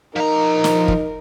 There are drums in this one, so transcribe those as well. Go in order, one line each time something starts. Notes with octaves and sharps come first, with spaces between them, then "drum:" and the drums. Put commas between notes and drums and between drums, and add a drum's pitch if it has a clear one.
F3 D#4 A#4 A#5
drum: snare
drum: kick